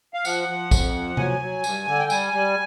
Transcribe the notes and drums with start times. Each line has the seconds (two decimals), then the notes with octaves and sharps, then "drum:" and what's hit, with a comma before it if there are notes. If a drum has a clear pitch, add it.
0.14 F5
0.25 F3 F#5, drum: tambourine
0.48 F3
0.71 F2, drum: kick, tambourine
0.94 F3
1.17 F#3 G#5, drum: tom C3
1.41 F#3
1.64 G2, drum: tambourine
1.87 D3
1.99 G5
2.10 G3 G#5, drum: tambourine
2.33 G3